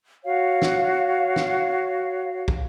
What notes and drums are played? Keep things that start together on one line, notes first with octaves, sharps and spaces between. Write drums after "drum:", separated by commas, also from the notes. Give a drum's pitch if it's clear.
F#4 C#5 F5
drum: snare
drum: snare
drum: kick